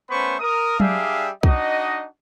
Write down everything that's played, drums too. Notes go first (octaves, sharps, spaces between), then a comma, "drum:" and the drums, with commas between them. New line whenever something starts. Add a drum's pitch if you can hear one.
A3 B3 C#4 C5 B5 C#6
A#4 D#6
G3 D4 G#4 E5 F5 G5, drum: tom F#3
D4 D#4 F#4 D#5, drum: kick